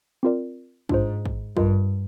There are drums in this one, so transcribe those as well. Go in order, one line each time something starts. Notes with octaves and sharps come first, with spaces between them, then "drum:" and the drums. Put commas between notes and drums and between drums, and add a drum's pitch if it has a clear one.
C4 F4 A#4 D5
G#2 D4 F4 C5, drum: kick
drum: kick
G2 F4 A#4 D#5, drum: kick